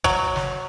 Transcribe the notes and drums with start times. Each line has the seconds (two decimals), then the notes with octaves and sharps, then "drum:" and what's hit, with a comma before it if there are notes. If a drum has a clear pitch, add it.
0.04 F#3, drum: kick G1
0.36 drum: snare